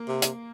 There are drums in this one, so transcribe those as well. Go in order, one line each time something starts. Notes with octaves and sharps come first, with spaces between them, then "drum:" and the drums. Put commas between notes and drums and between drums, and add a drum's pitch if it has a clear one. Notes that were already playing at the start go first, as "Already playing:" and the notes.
Already playing: A#3
C3
drum: hi-hat